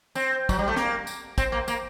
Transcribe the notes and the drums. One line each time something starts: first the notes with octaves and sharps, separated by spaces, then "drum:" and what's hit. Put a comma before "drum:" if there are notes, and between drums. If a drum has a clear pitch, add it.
C4, drum: tambourine
F#3, drum: kick, tambourine
G3
A3
A#3, drum: snare
drum: tambourine
C4, drum: kick, tambourine
A#3
A#3, drum: tambourine